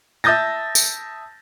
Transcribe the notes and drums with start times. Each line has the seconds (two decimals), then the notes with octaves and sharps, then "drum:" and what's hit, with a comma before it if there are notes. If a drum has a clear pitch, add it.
0.24 E5 A5 D#6 G6 A6 A#6
0.75 drum: tambourine